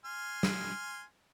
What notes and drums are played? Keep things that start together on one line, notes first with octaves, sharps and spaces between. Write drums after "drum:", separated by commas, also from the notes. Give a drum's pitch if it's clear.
G#5 C6 F6
drum: snare